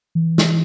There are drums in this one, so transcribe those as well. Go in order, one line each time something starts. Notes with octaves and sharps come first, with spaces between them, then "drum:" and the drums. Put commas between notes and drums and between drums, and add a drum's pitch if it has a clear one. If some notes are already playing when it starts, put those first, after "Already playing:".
E3
drum: snare